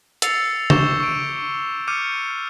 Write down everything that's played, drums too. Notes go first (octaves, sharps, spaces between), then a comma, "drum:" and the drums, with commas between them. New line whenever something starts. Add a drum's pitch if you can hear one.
E6 A6 C7 C#7 F7, drum: hi-hat
C#6 D6 G6 E7 F7 G7, drum: tom C#3
C#6 D7
D6 F6 G6 C#7 D#7